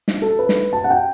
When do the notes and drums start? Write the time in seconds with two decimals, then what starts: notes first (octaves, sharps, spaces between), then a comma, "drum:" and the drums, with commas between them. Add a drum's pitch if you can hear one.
0.08 drum: snare
0.22 A4
0.39 B4
0.49 drum: snare
0.73 A5
0.84 F#5
0.90 G5